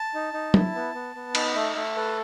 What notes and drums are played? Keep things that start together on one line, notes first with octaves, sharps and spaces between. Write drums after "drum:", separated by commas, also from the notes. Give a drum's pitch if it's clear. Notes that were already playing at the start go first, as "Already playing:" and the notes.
Already playing: A5
D#4
D#4
E4, drum: tom
B3
B3
B3
D#4 B5, drum: cymbal
A3 E5
A3 E5
A4 B4